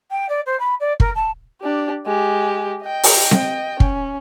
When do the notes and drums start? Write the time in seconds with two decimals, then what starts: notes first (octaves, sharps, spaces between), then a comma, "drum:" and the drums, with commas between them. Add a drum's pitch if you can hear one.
0.11 G5
0.29 D5
0.46 C5
0.59 B5
0.80 D5
1.00 A#4, drum: kick
1.15 A5
1.61 D4 G4
2.07 G#3 G4
2.83 D#5 G5
3.03 drum: open hi-hat
3.31 drum: snare C4
3.80 C#4, drum: kick